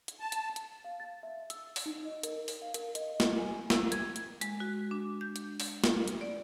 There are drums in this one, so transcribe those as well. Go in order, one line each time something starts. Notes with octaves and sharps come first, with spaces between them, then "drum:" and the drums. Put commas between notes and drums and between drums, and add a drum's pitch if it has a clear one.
drum: hi-hat
A5
drum: hi-hat
drum: hi-hat
F5
A6
E5
E6, drum: hi-hat
drum: open hi-hat
D#4
D#5
A#4, drum: hi-hat
drum: open hi-hat
F5
A#4, drum: hi-hat
D#5, drum: hi-hat
drum: snare
G#5
E6, drum: snare
G#6, drum: hi-hat
drum: hi-hat
G#3, drum: hi-hat
F#4
D4
G6
drum: hi-hat
drum: open hi-hat
drum: snare
drum: hi-hat
D5